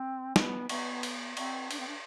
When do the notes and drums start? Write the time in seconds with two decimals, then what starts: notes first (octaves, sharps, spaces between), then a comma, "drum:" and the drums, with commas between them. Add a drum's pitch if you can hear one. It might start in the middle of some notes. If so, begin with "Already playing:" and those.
Already playing: C4
0.36 B3, drum: snare
0.69 B3, drum: cymbal
1.03 drum: cymbal
1.37 C4, drum: cymbal
1.71 D4, drum: cymbal
1.79 C4
1.87 D4